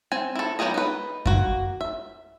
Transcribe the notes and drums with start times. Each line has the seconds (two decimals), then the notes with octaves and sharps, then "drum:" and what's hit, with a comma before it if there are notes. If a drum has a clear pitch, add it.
0.12 C4 G#5
0.35 E4 A4
0.59 F#3 B3 G4 G#4 D#5
0.74 D#4 B4
1.26 A#3 F#4, drum: kick F#2
1.81 E5